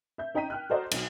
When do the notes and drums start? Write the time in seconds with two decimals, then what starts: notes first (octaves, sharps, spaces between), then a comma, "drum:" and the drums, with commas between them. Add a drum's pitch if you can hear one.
0.18 E5 G6
0.34 C#4 D#4 G5 A#5 B6 D#7
0.50 G5 F6 F#6
0.70 F#4 A4 C5 D5 D#5 A#5
0.91 B1 F#3, drum: cymbal